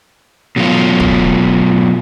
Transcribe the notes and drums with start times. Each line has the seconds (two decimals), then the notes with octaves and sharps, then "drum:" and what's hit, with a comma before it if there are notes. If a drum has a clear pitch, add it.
0.56 B2 F#3 A3 F4
1.00 drum: kick